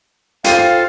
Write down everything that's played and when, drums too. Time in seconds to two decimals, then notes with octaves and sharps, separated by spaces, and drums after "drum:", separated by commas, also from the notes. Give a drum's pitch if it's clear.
0.44 F4 A4 C5 F5 G5 C7 D#7, drum: hi-hat